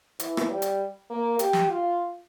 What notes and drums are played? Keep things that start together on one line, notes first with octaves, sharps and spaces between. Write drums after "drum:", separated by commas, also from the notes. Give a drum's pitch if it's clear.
E3, drum: hi-hat
drum: rim click
G3
drum: hi-hat
A#3
G4, drum: hi-hat
drum: snare
F4